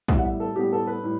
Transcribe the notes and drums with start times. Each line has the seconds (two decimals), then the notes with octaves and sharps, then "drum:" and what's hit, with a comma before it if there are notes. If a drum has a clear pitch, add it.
0.08 A2 G3 B3 E5, drum: kick
0.18 F#5
0.25 E5
0.40 A4
0.56 A2 G3 B3 G4
0.72 A4
0.87 B4
1.03 A2 G3